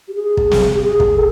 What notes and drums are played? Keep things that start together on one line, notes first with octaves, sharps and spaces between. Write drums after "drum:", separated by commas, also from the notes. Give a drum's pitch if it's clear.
G4
G#4
drum: kick
drum: snare
G4
G#4
drum: kick
A4